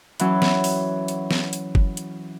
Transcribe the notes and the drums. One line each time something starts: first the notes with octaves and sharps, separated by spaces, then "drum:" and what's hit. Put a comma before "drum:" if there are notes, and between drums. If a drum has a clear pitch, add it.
E3 F#3 C#4, drum: hi-hat
drum: snare
drum: open hi-hat
drum: hi-hat
drum: snare
drum: hi-hat
drum: kick F#1
drum: hi-hat